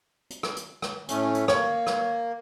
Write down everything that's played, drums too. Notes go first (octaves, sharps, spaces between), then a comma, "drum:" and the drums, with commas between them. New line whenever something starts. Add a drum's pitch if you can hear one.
drum: hi-hat
drum: rim click
drum: hi-hat
drum: rim click
A2 A3 C#4, drum: hi-hat
drum: hi-hat
A#3 C#5, drum: rim click
drum: rim click